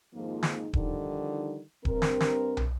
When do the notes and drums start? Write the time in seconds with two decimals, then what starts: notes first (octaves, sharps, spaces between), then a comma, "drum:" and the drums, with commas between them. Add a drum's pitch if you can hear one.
0.14 F2 G#2 D#3 F3 A#3 D#4
0.43 drum: snare
0.73 D3 D#3 F3 G3 D#4, drum: kick D#1
1.85 G2 C4 A#4, drum: kick D#1
2.02 drum: snare
2.20 drum: snare
2.57 drum: tom